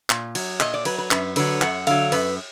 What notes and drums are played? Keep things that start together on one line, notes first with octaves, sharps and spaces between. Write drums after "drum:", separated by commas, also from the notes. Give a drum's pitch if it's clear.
A#2, drum: clap
F#3, drum: cymbal
A#2 D#5, drum: clap
D5
F#3 B4, drum: cymbal
B4
F#2 B4, drum: clap
D3 F#3 B4, drum: cymbal
F#2 F#5, drum: clap
D3 F#3 F5, drum: cymbal
F#2 B4, drum: cymbal